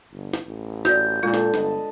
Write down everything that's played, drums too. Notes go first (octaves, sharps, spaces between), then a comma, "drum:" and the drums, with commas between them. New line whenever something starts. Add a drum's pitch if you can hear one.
G1
drum: snare
A1
F#4 D5 G6, drum: snare
A#2 D3 G#3 F4 A4 A#4
drum: snare
G1 B4 D#5 A5, drum: snare